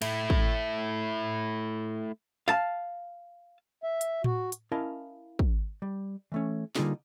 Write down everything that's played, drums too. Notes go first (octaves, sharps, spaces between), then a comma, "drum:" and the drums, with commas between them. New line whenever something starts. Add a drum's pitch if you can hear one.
A3 E4, drum: cymbal
drum: kick
F5 A5
E5
drum: hi-hat
F#4, drum: tom A2
drum: hi-hat
C#4 E4 A#4 D#5 F5 A5
drum: kick
G3
E3 A3 C#4
D3 G3 A#3 D#4 F4 G#4, drum: snare